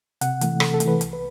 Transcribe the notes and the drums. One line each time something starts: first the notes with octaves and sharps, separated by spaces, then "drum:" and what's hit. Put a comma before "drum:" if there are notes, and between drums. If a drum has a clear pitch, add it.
C3 F#5, drum: hi-hat
E3 A3, drum: hi-hat
C3 A4, drum: rim click
A4
A3, drum: hi-hat
E3 B4
C2, drum: hi-hat
B4